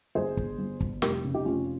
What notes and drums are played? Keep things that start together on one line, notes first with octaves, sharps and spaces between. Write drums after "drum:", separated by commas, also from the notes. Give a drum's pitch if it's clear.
G1 G#4 C5
G1, drum: kick
G1
G1, drum: kick
F1 G4 A#4, drum: snare
C#3
D#4 G4
F1 C#4 F4